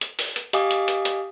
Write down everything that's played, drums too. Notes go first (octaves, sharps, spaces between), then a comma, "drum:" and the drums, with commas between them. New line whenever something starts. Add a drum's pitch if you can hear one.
drum: hi-hat
drum: open hi-hat
drum: hi-hat
G4 D#5 F5 G#5 D6 D#6, drum: hi-hat
drum: hi-hat
drum: hi-hat
drum: hi-hat